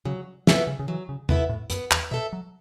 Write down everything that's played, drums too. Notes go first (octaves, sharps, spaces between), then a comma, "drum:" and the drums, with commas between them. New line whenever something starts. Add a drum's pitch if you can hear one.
C#3 F#3
E3 B3 E4 A4 E5, drum: snare
C#3
C#3
E3 F#3
C#3
F#2 B3 E4 A4 E5, drum: tom
A2
F#2 B3, drum: hi-hat
E2, drum: clap
B2 A4 E5
F#3